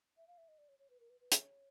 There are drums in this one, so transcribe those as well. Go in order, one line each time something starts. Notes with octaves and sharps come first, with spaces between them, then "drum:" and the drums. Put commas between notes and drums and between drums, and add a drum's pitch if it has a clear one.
E5
F5
E5
D#5
D5
C#5
C#5
B4
A#4
B4
B4
C#5, drum: hi-hat